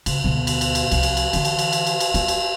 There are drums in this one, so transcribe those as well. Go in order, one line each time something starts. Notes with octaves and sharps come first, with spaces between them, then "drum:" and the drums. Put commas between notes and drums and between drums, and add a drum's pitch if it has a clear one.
C#3, drum: cymbal
D2 B2
drum: cymbal
drum: cymbal
drum: cymbal
C2 F3, drum: cymbal
drum: cymbal
drum: cymbal
D3 E3, drum: cymbal
drum: cymbal
drum: cymbal
drum: cymbal
drum: cymbal
drum: cymbal
F4, drum: cymbal
drum: cymbal